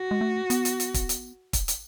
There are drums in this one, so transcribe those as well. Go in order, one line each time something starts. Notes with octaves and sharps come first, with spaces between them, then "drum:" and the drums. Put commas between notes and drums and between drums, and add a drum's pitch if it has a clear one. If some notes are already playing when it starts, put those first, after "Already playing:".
Already playing: F#4
G#3
A3
B3, drum: hi-hat
drum: hi-hat
drum: hi-hat
drum: kick, hi-hat
drum: hi-hat
drum: kick, hi-hat
drum: hi-hat